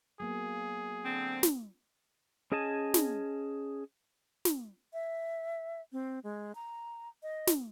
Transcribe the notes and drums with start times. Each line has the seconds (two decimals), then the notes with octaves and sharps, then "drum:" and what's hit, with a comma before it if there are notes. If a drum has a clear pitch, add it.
0.20 F#3 A#3 B3 G#4
1.05 D3 C4
1.43 drum: snare
2.52 C#4 G#4 D#5 G#5 A5
2.94 drum: snare
4.45 drum: snare
4.93 E5
5.92 C4
6.23 G#3
6.55 A#5
7.23 D#5
7.47 drum: snare